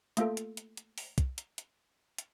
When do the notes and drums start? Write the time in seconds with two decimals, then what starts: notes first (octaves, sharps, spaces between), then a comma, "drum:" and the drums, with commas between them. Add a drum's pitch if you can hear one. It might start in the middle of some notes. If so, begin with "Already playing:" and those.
0.17 A3 A#3 F4 A4, drum: hi-hat
0.37 drum: hi-hat
0.57 drum: hi-hat
0.77 drum: hi-hat
0.98 drum: open hi-hat
1.18 drum: kick, hi-hat
1.38 drum: hi-hat
1.58 drum: hi-hat
2.18 drum: hi-hat